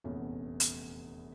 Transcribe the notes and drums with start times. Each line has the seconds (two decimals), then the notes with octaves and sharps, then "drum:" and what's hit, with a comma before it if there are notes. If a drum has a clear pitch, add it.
0.04 F1 A#1 E2 B3 C#4
0.60 drum: hi-hat